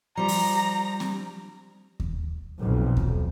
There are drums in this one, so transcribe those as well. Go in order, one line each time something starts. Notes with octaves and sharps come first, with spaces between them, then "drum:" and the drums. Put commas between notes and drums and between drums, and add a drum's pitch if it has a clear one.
F3 G3 A#5
drum: open hi-hat
drum: snare C4
drum: kick D#2
B1 F2 A#2
drum: kick D#2